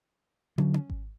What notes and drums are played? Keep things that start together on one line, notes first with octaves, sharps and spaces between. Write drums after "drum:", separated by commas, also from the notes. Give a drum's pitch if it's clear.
D3 F#3, drum: tom
drum: tom
drum: kick G#1